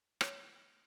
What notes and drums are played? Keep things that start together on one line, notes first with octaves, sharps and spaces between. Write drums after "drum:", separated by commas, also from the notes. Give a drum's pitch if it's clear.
C#5, drum: rim click